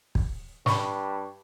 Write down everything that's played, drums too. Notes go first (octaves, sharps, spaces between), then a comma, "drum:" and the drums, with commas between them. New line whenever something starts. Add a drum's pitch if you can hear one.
drum: kick
G2 B5 C#6, drum: snare